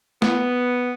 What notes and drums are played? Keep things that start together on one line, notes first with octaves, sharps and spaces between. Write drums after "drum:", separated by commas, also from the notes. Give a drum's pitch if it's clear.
B3, drum: snare